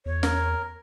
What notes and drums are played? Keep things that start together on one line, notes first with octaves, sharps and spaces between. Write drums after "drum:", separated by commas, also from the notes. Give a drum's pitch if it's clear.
E2 C#5
A#4, drum: snare